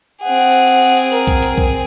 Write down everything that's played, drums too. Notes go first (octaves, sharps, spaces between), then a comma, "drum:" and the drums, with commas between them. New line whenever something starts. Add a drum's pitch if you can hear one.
C4 G#4 F#5
drum: hi-hat
drum: hi-hat
drum: open hi-hat
drum: hi-hat
A#4, drum: hi-hat
drum: kick, hi-hat
drum: hi-hat
drum: kick